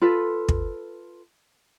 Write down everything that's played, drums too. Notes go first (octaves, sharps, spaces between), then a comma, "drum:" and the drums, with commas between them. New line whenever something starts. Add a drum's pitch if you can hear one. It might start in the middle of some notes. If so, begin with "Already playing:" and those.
F4 A4 B4
drum: kick